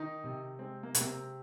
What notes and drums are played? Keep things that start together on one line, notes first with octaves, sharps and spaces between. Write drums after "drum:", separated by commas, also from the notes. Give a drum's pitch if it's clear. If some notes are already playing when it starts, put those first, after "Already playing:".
Already playing: D#3 D#4
C3
G#3 C4
A#3
C3, drum: hi-hat
A#3
C4